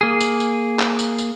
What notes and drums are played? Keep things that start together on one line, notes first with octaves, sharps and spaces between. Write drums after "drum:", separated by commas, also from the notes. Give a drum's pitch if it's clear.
A#3 G#4
drum: tambourine
drum: tambourine
drum: clap
drum: tambourine
drum: tambourine